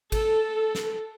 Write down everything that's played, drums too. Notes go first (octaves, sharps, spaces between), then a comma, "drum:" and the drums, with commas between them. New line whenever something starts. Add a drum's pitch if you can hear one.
A4, drum: kick G#1, cymbal
drum: snare